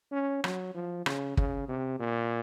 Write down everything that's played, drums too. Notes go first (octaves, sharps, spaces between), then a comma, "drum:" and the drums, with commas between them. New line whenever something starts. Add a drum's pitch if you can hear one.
C#4
F#3, drum: rim click
F3
C#3, drum: rim click
C#3, drum: kick
C3
A#2